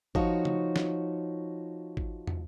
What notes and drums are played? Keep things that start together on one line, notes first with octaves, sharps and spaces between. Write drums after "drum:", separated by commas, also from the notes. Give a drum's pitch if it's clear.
F3 D#4 F#4 C#5, drum: kick G#1
drum: tom C#3
drum: snare
drum: kick G#1
drum: tom